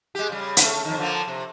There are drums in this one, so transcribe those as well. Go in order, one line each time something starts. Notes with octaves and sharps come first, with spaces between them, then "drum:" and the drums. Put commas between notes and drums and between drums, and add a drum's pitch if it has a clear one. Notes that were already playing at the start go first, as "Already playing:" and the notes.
G#3 G4
C#3 G3
C#3 A3, drum: hi-hat
F2 D#3
D3 F3 A#3
C3